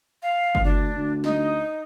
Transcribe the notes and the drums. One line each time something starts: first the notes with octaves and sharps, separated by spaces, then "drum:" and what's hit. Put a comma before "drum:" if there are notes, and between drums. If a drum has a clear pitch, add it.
F5
drum: kick F#1
D2 D4
D2
D#4, drum: snare